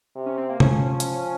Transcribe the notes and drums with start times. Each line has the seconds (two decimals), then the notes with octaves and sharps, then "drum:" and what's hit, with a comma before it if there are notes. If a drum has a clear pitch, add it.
0.16 C3
0.26 C#4
0.38 C4
0.49 A#3
0.60 F3 C#4, drum: tom C3
1.00 drum: hi-hat